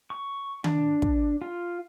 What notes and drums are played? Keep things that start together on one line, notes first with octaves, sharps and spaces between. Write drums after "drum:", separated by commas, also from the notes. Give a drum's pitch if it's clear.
C#6
D4, drum: tom D#3
drum: kick
F4